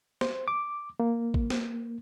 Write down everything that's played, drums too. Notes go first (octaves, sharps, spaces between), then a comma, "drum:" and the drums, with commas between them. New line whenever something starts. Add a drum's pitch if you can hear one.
C5, drum: snare
D6
A#3
drum: kick A1
drum: snare